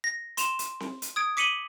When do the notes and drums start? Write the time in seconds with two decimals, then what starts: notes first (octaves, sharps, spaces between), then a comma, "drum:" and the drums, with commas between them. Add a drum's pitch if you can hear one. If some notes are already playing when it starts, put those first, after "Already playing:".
0.04 A#6
0.37 C6 E7 F7, drum: hi-hat
0.59 drum: hi-hat
0.80 drum: snare C4
1.02 drum: hi-hat
1.16 D#6 G#6 D7
1.37 D6 B6 C#7 D#7 F#7 G7